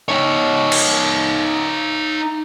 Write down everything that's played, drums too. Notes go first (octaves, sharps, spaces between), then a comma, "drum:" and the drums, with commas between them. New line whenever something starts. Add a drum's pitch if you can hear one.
D#4 C#5
drum: cymbal